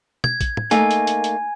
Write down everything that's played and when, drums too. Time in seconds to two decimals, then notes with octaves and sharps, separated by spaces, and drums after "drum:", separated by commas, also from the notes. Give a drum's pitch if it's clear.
0.24 G#6, drum: tom
0.41 drum: kick A#1, hi-hat
0.57 drum: tom
0.71 A3 A#3 D#4 G#5, drum: hi-hat
0.91 drum: hi-hat
1.07 drum: hi-hat
1.24 drum: hi-hat